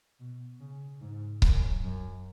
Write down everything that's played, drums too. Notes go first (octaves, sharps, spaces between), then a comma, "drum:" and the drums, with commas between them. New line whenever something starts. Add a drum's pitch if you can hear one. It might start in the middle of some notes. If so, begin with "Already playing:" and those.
B2
C#3
G#2
F#2, drum: kick C#1
F#2